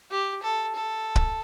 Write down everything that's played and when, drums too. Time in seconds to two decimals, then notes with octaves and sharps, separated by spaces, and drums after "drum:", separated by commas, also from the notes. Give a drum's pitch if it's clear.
0.11 G4
0.43 A4
0.75 A4
1.16 drum: kick